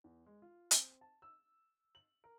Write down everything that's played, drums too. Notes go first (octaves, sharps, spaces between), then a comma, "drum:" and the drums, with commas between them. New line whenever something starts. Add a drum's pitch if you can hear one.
E2
G#3
F4
C4, drum: hi-hat
A5
E6
F#7
A#4